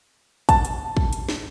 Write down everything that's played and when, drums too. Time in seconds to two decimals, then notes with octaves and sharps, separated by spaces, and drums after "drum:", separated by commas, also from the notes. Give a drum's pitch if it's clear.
0.49 A5, drum: kick, hi-hat
0.65 drum: hi-hat
0.97 drum: kick
1.13 drum: hi-hat
1.29 drum: snare